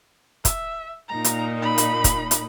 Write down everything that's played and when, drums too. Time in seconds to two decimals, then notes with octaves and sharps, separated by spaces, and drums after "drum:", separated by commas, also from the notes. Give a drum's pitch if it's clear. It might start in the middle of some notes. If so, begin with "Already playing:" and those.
0.45 E5, drum: kick, hi-hat
1.09 A#2 D#4 A#5
1.24 drum: hi-hat
1.62 B5
1.78 drum: hi-hat
2.04 drum: kick, hi-hat
2.31 drum: hi-hat